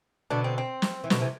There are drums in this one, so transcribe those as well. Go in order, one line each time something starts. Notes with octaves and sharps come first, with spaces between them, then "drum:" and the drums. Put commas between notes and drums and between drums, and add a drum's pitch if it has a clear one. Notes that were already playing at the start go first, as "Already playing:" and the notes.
B2 D3 D4
C4
C4
drum: snare
E3
B2 D3, drum: snare
C3 E3